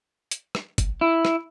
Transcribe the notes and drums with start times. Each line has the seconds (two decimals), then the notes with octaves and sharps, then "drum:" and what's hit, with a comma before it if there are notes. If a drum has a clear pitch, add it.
0.31 drum: hi-hat
0.55 drum: rim click
0.78 drum: kick, hi-hat
1.01 E4
1.25 drum: rim click